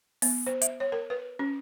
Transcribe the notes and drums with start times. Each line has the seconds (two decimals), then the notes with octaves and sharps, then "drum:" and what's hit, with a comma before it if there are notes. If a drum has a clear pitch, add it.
0.22 B3, drum: open hi-hat
0.47 C5
0.62 E5, drum: hi-hat
0.80 C#5
0.92 A#4
1.10 B4
1.39 C#4